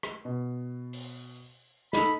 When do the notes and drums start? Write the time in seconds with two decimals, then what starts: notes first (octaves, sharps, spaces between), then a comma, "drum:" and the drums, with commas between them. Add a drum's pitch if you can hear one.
0.03 drum: rim click
0.25 B2
0.93 drum: open hi-hat
1.93 D#4 A4 B5, drum: snare